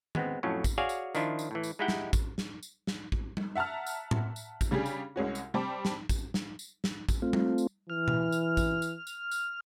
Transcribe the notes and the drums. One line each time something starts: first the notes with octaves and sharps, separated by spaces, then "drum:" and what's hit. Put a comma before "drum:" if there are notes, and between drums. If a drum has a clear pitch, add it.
G#3 B3 C4, drum: tom D#3
F2 A2 F#3 C#4
drum: kick A1, tambourine
F#4 G#4 C#5 D5 F5 G#5
drum: tambourine
D#3 F3 D4 E4 F4, drum: tambourine
drum: tambourine
A2 E3
drum: tambourine
G#3 D#4 E4 G4 F#5 G5
drum: snare
drum: kick A1, tambourine
drum: snare
drum: tambourine
drum: snare
drum: kick A1
drum: tom G3
E5 F#5 A5 A#5 F6
drum: tambourine
drum: tom A2
drum: tambourine
drum: kick A1, tambourine
C#3 G3 D4 G4 G#4
drum: tambourine
C2 G#3 C#4 F#4
drum: tambourine
G3 C4 G5 A5 B5 D6
drum: snare
drum: kick A1, tambourine
drum: snare
drum: tambourine
drum: snare
drum: kick A1, tambourine
A3 C4 F4
drum: tom G3
drum: tambourine
E3 F6
drum: tom B2
drum: tambourine
drum: kick A1, tambourine
drum: tambourine
drum: tambourine
drum: tambourine